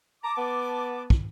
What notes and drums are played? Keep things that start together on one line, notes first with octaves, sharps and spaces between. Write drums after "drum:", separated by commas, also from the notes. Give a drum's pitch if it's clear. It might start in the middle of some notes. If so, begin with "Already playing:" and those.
A5 A#5 D6
B3
drum: kick